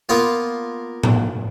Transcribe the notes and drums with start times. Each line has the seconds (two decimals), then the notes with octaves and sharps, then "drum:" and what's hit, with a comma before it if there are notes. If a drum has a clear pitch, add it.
0.09 A#3 B3 F4
1.03 drum: tom A2